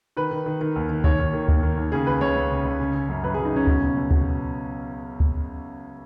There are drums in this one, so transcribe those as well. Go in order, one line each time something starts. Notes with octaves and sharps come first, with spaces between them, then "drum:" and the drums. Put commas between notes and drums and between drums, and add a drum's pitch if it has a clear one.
D#3 B4
D#3
D#3
D#3
D#2
D#3
D#2 C#5, drum: kick D2
D#2
D#3
D#2, drum: kick D2
D#3
D#2
C#3 G#4
C#2 B4
C#2 C#5
C#2
C#3
C#2
C#3
C#3
F#2
F#2 B4
F#2 G#4
D#4
C#3 C#4
B2, drum: kick D2
C#2
C#2
B2, drum: kick D2
drum: kick D2